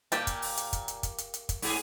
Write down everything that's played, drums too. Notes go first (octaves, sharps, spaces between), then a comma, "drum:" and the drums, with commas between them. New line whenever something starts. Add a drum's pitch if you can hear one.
A#2 A#3 G4 A5, drum: hi-hat
drum: kick, hi-hat
drum: open hi-hat
drum: hi-hat
drum: kick, hi-hat
drum: hi-hat
drum: kick, hi-hat
drum: hi-hat
drum: hi-hat
drum: kick, hi-hat
G#2 G#4, drum: open hi-hat